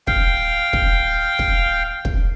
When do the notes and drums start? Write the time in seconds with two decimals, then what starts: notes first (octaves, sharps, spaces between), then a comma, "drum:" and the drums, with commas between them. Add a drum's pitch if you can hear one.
0.07 F5 G5, drum: kick
0.73 drum: kick
1.39 drum: kick
2.05 drum: kick